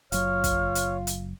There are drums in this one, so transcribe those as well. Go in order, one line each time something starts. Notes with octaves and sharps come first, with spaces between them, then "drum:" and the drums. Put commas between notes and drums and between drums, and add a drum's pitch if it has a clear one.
F#1 F#3 F4 C#5 F6, drum: hi-hat
drum: kick, hi-hat
drum: hi-hat
drum: hi-hat